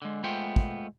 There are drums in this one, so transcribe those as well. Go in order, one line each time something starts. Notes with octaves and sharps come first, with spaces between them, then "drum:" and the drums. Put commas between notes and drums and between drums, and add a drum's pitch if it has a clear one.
D3 G#3
G#3 A3 B3 F4 C5 G5
drum: kick